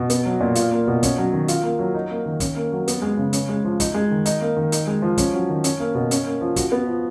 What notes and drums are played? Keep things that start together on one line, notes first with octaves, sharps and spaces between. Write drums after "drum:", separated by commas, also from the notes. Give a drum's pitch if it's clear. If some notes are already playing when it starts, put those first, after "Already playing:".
Already playing: B2
B3, drum: hi-hat
F#3
A#2
F4, drum: hi-hat
A#3
B2
C#4, drum: kick, hi-hat
F#3
D#3
F4, drum: hi-hat
A#3
F#3
D#4
A#3
D#3
C#4, drum: kick, hi-hat
A#3
F#3
B3, drum: hi-hat
G#3
C#3
C#4, drum: hi-hat
G#3
F3
D#4, drum: kick, hi-hat
G#3
D#3
D#4, drum: hi-hat
A#3
D#3
D#4, drum: hi-hat
G#3
F3
C#4, drum: kick, hi-hat
F#3
D#3
C#4, drum: hi-hat
A#3
B2
C#4, drum: hi-hat
A#3
F3
F#4, drum: kick, hi-hat
B3
F3